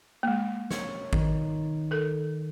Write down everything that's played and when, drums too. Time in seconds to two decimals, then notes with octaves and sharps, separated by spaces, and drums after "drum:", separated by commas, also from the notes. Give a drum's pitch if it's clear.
0.23 G#3 A#3
0.71 C#5, drum: snare
1.13 D#3, drum: kick
1.91 A4 A#4